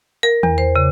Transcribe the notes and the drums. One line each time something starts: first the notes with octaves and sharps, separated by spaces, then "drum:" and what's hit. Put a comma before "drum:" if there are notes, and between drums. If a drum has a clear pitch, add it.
A#4
E2, drum: tom D#3
C5
C#3